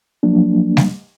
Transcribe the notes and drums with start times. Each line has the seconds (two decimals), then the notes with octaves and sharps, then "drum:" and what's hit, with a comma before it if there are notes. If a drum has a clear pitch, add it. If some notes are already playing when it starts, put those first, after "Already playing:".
0.23 F3 F#3 A#3 D4
0.77 drum: snare G3